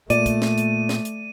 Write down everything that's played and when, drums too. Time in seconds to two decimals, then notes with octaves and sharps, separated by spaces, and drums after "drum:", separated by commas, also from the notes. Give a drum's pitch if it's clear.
0.10 A#2 A3 D5 D#7, drum: hi-hat
0.26 drum: kick, hi-hat
0.42 drum: snare
0.58 drum: hi-hat
0.89 drum: snare
1.05 drum: hi-hat